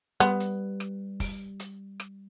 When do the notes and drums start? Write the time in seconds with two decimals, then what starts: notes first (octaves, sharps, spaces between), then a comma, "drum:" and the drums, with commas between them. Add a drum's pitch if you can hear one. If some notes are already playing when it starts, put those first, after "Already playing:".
0.20 G3 B3
0.40 drum: hi-hat
0.80 drum: rim click
1.20 drum: kick, open hi-hat
1.60 drum: hi-hat
2.00 drum: rim click